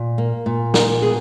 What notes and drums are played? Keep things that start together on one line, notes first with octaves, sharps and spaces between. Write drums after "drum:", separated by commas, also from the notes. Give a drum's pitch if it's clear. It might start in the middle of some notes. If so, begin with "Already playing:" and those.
Already playing: A#2
A#3
A#2
A#3 A#4, drum: snare
B2 G#4